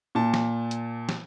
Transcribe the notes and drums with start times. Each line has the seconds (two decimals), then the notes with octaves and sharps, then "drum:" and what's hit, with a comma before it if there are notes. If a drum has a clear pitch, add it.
0.15 A#2 A5
0.34 drum: snare
0.71 drum: hi-hat
1.09 drum: snare